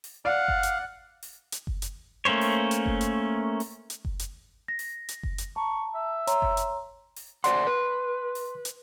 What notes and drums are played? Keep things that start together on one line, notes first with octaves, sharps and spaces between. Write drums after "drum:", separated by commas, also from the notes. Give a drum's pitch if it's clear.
drum: open hi-hat
D5 F5 F#5
drum: kick F#1
drum: hi-hat
drum: open hi-hat
drum: hi-hat
drum: kick F#1
drum: hi-hat
A3 A#3 C#4 C5 C#5
drum: open hi-hat
drum: hi-hat
drum: kick F#1
drum: hi-hat
drum: open hi-hat
drum: hi-hat
drum: kick F#1
drum: hi-hat
A#6
drum: open hi-hat
drum: hi-hat
drum: kick F#1
drum: hi-hat
A5 A#5 C#6
E5
C#5 A#5 C6, drum: hi-hat
drum: kick F#1
drum: hi-hat
drum: open hi-hat
C5 D5 F#5 C6, drum: hi-hat
B4
drum: open hi-hat
drum: hi-hat